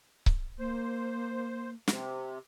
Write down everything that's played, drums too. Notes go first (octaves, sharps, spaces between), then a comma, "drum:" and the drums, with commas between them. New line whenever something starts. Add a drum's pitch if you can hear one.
drum: kick C#1
A#3 C5
C3, drum: snare